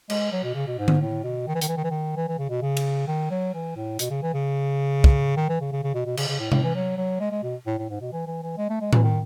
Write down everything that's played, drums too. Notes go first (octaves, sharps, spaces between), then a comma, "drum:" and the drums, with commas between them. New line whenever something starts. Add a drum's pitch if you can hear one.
G#3, drum: cymbal
F#3
B2
C#3
B2
G#2
drum: tom D3
A2
B2
D#3
E3
D#3, drum: hi-hat
E3
D#3
E3
D#3
E3
E3
C#3
B2
C#3
drum: cymbal
D#3
F#3
E3
A2
B2, drum: hi-hat
C#3
E3
C#3
drum: kick
D#3
E3
C#3
C#3
C#3
B2
B2
C#3, drum: cymbal
C#3
A2
A2, drum: tom C3
E3
F#3
F#3
G#3
G#3
B2
A2
A2
G#2
B2
E3
E3
E3
G#3
A3
G#3
E3, drum: tom A2
D#3